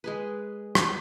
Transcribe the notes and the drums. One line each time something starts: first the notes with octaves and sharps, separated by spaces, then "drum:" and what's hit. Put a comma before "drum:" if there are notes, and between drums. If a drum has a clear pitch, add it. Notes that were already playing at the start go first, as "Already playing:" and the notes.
G#3 G#4 B4
drum: rim click